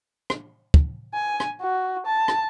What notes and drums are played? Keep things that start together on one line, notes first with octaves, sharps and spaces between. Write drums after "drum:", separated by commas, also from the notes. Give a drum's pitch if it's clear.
drum: rim click
drum: kick
G#5
drum: rim click
F#4
A5
drum: rim click